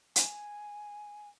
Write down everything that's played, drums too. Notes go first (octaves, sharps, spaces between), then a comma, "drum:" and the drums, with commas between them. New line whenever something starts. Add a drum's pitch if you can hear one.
G#5, drum: hi-hat